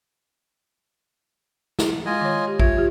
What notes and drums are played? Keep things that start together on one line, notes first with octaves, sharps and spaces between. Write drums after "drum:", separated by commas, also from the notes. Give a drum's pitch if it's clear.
drum: snare
G#3 F4 D#5 G#5
D#3 C#5
G4
F4 C#5 E5, drum: kick A#1
F4 G4